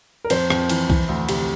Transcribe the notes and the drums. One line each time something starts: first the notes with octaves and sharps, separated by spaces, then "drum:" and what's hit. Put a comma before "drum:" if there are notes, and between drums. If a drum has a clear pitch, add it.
A#4
F2 C5, drum: cymbal
F2, drum: rim click
E3, drum: cymbal
E3, drum: kick
D2
C3, drum: cymbal